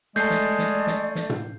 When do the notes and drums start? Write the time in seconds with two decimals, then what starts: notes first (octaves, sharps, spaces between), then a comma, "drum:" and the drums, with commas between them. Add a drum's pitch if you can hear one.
0.16 G#3 A3 D5 A5 G6 C7
0.30 drum: snare
0.59 drum: snare
0.87 drum: snare
1.15 drum: snare
1.30 drum: tom